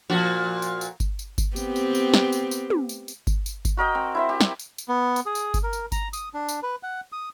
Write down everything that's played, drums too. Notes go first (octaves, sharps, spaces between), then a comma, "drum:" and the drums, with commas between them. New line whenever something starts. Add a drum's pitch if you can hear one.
A#2 F3 F#4
drum: tambourine
drum: tambourine
drum: kick G1, tambourine
drum: tambourine
drum: kick G1, tambourine
B3 C4 G4, drum: tambourine
drum: tambourine
drum: tambourine
drum: snare
drum: tambourine
drum: tambourine
drum: tom
drum: tambourine
drum: tambourine
drum: kick G1, tambourine
drum: tambourine
drum: kick G1, tambourine
F#4 A#4 D#5 G5
C4
E4 C5 E5
G4
drum: snare
drum: tambourine
drum: tambourine
B3
drum: tambourine
G#4
drum: tambourine
drum: kick G1, tambourine
A#4
drum: tambourine
A#5, drum: kick G1, tambourine
D#6, drum: tambourine
D4
drum: tambourine
B4
F#5
D#6